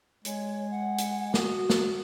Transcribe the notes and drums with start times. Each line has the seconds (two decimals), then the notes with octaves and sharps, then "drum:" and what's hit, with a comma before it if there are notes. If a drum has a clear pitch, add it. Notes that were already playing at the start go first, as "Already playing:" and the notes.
0.25 G#3 C#5, drum: hi-hat
0.70 F#5
0.98 drum: hi-hat
1.34 F#4 D#6, drum: snare
1.70 drum: snare